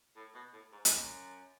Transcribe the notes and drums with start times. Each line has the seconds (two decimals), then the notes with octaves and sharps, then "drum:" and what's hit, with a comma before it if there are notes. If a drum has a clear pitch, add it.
0.16 A2
0.34 B2
0.53 A2
0.72 G#2
0.85 G#2, drum: hi-hat
0.91 F#2